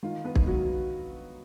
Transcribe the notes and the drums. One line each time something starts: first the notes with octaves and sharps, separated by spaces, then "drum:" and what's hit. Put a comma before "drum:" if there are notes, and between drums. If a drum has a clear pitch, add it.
D#3 F4
B3 B4
D#3, drum: kick
F#3 F#4